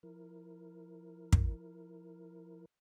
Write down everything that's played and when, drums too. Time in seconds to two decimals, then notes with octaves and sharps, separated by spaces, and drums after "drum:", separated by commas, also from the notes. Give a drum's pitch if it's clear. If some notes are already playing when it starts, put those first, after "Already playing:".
0.03 F3 E4 A#4
1.33 drum: kick